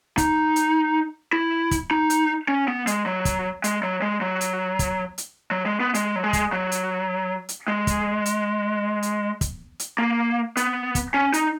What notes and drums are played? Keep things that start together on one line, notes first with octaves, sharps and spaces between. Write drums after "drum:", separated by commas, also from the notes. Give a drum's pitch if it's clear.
D#4, drum: kick, hi-hat
drum: hi-hat
E4
drum: kick, hi-hat
D#4
drum: hi-hat
C#4
B3
G#3, drum: hi-hat
F#3
drum: kick, hi-hat
G#3, drum: hi-hat
F#3
G#3
F#3
drum: hi-hat
drum: kick, hi-hat
drum: hi-hat
F#3
G#3
B3
G#3, drum: hi-hat
F#3
G#3
drum: kick, hi-hat
F#3
drum: hi-hat
drum: hi-hat
G#3
drum: kick, hi-hat
drum: hi-hat
drum: hi-hat
drum: kick, hi-hat
drum: hi-hat
A#3
B3, drum: hi-hat
drum: kick, hi-hat
C#4
D#4, drum: hi-hat